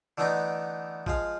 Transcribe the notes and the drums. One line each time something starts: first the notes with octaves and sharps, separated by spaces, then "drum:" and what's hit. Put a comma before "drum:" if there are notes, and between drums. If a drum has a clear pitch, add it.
D3 E3 A3 B3 D4 D#4
F3 G#3 F5, drum: kick